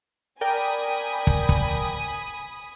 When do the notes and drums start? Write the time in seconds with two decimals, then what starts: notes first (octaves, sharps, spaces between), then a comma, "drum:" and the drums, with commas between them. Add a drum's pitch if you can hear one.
0.41 A#4 D5 G5 G#5 B5 D#6
1.27 drum: kick
1.49 drum: kick